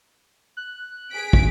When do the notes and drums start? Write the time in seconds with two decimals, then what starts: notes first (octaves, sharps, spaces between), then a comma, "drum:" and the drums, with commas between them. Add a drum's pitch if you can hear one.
0.57 F#6
1.13 G#4 B6 D7
1.33 drum: kick